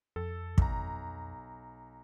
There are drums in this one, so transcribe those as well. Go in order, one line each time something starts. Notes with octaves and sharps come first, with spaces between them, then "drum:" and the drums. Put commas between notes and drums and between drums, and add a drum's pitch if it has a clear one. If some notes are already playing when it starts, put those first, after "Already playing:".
F2 A4
B1 A#5, drum: kick